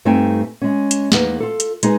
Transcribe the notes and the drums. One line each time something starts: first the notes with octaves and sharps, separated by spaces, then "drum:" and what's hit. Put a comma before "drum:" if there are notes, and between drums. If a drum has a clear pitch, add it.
G2 A3 C4 D#4 G5 G#5
G#3 C#4
drum: hi-hat
E2 A#3 D#4 B4, drum: snare
F4 A4
drum: hi-hat
G#3 D#4 G#4 B4, drum: hi-hat